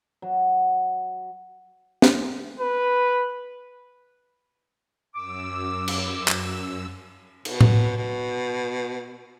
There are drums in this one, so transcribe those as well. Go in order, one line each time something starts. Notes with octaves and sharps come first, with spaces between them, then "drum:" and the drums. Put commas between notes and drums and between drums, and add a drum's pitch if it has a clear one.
F#3
drum: snare
B4
F#2 D6 E6
drum: cymbal
drum: clap
B2, drum: cymbal
drum: tom A2
B2